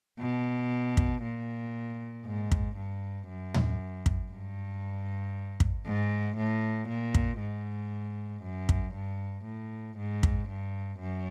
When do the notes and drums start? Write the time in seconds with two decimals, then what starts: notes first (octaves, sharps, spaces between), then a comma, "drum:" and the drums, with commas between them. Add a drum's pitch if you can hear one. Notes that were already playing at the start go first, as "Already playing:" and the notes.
0.19 B2
0.97 drum: kick
1.23 A#2
2.26 G#2
2.51 drum: kick
2.77 G2
3.29 F#2
3.54 drum: tom
4.06 drum: kick
4.32 G2
5.60 drum: kick
5.86 G#2
6.38 A2
6.89 A#2
7.14 drum: kick
7.40 G#2
8.43 F#2
8.69 drum: kick
8.94 G2
9.45 A2
9.98 G#2
10.23 drum: kick
10.49 G2
11.00 F#2